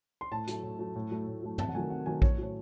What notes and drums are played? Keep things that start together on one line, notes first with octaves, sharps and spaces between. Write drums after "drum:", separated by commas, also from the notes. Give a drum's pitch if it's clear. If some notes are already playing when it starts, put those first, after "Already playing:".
C6
A2 A5
F#3 A3, drum: hi-hat
A2
F#3 A3
A2
F#3 A3
A2
F#3 A3
C3 A5, drum: tom
F#5
D#3 F#3 A3 G#5
C3 F#5
D#3 F#3 A3 G#5
A2 C#5, drum: kick A#1
F#3 A3 C#5